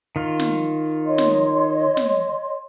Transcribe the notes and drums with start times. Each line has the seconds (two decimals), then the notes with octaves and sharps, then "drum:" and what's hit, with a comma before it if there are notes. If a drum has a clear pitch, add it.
0.16 D#3 F4
0.39 drum: snare
1.05 C#5 D#5 C6
1.18 drum: snare
1.97 drum: snare